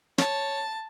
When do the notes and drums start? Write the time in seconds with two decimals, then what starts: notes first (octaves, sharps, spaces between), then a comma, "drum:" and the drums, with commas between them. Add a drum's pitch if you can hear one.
0.18 C#5 A5, drum: snare